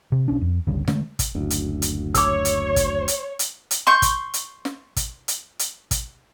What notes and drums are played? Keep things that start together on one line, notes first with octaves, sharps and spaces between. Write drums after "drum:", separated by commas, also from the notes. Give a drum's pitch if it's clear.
C3
B1 C#4 D4
F2
G1 C#2 G2
D3 G#3 A3, drum: snare
drum: kick, hi-hat
F#1 D2
drum: hi-hat
drum: hi-hat
C#5 D6 E6, drum: kick, hi-hat
drum: hi-hat
drum: kick, hi-hat
drum: hi-hat
drum: hi-hat
drum: hi-hat
C6 C#6 G6
drum: kick, hi-hat
drum: hi-hat
drum: snare
drum: kick, hi-hat
drum: hi-hat
drum: hi-hat
drum: kick, hi-hat